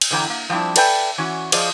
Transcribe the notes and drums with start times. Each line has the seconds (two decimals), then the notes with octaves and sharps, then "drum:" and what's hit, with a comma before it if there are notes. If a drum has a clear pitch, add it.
0.01 drum: cymbal
0.11 E2 D3 E3 B3 G5 A#5
0.30 A#3
0.50 F3 G3 C4 D4 E4
0.76 A4 B4 D5 E5 G5 G#5, drum: cymbal
1.18 E3 C#4 F#4
1.52 F3 F4 G#4 C5 D5 D#5, drum: cymbal